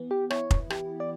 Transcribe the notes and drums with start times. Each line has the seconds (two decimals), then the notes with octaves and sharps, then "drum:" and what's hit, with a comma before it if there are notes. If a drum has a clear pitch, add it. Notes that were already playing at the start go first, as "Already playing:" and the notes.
Already playing: E3 B3
0.11 G4
0.30 E4 C#5, drum: rim click
0.51 drum: kick F1
0.70 G4, drum: rim click
1.00 D5